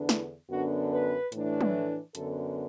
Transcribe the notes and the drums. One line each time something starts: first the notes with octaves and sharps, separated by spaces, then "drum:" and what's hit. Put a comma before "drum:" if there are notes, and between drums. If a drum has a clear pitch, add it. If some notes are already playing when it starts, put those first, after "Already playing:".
Already playing: E2 D3 B3 D4
E4, drum: snare
F#2 D3 B3 D4 F#4
B4
A2 E3 A3 D4, drum: hi-hat
drum: tom
F#2 D3 B3 A4, drum: hi-hat